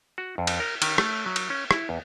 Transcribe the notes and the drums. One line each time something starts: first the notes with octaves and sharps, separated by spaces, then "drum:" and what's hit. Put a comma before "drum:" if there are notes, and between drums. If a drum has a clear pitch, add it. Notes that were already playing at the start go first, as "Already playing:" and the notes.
F#4
F2
drum: cymbal
A#4
D#3, drum: cymbal
A3, drum: rim click
F#3
drum: cymbal
C#4
E4, drum: rim click
E2